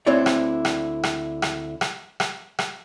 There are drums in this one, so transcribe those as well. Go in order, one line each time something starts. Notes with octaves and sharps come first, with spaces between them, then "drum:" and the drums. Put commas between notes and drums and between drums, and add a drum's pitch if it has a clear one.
D2 D3 C4 E4 C#5 D5
drum: rim click
drum: rim click
drum: rim click
drum: rim click
drum: rim click
drum: rim click
drum: rim click